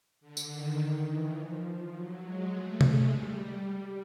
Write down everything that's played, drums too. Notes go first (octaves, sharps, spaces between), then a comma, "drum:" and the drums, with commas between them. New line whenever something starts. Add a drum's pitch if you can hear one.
D3
drum: tambourine
D#3
E3
F3
F#3
G#3
A3
G#3, drum: tom C3
G3